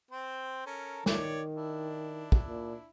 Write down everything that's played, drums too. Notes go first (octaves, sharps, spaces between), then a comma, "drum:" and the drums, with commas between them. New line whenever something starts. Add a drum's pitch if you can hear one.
C4 C5 G5
C#4 A4 A#4
D#3 C#5 D5, drum: snare
D4 E4
drum: kick
A#2